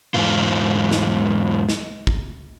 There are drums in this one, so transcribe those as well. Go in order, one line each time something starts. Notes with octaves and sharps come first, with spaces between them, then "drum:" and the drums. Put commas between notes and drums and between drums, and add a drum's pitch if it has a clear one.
E2 G#2 F4
drum: snare
drum: snare
drum: kick